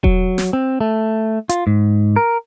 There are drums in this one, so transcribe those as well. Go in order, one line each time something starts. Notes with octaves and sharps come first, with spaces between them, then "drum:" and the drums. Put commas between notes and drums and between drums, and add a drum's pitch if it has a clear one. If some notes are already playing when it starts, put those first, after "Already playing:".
F#3, drum: kick E1
drum: snare
C4
A3
F4, drum: hi-hat
G#2
A#4